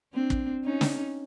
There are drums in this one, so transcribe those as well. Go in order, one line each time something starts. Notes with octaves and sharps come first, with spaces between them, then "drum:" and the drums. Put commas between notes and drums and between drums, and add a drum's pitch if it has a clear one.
C4 D4
drum: kick
C#4 D#4
drum: snare